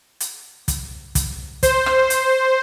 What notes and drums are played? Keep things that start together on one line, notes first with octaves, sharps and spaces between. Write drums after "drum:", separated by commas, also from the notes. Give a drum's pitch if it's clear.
drum: hi-hat
drum: kick, hi-hat
drum: kick, hi-hat
C5, drum: kick, hi-hat
drum: rim click
drum: hi-hat